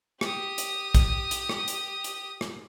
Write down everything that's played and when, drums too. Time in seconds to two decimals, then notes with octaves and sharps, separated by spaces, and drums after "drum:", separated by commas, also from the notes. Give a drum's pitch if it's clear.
0.21 G4 D#6, drum: rim click
0.58 drum: hi-hat
0.95 drum: kick A#1, hi-hat
1.31 drum: hi-hat
1.49 drum: rim click
1.68 drum: hi-hat
2.04 drum: hi-hat
2.41 drum: rim click